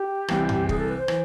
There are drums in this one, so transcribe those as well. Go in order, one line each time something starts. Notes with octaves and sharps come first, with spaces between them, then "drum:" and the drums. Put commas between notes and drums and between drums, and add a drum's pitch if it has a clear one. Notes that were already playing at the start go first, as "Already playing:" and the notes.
Already playing: G4
C2 C3 E3, drum: rim click
drum: tom F#2
G#4, drum: kick
A4
B4
C5
E3, drum: rim click